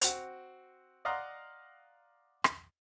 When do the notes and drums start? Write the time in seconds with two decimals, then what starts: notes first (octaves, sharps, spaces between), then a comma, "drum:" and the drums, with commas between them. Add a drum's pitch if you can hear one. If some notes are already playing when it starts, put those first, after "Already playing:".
0.01 C4 F#4, drum: hi-hat
1.05 D5 D#5 F5 F#5 A#5 C6
2.44 drum: rim click